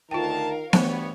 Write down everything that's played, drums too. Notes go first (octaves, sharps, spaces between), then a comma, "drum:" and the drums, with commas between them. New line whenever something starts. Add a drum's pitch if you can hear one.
D2 D#3 F4 A#4 F5 G5 A5
G2 E3 A3 B3 C5 C#5, drum: snare B3